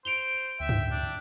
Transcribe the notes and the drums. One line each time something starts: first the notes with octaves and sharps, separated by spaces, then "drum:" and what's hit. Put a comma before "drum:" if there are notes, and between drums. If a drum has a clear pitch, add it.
C5 D7 F7 G7
D2 E5 G5
drum: tom
D4